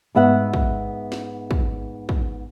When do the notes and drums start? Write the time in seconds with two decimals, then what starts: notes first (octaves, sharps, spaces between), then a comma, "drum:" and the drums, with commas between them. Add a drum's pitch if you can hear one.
0.15 G#2 B3 E5 F#5
0.54 drum: kick
1.12 drum: snare
1.51 drum: kick
2.09 drum: kick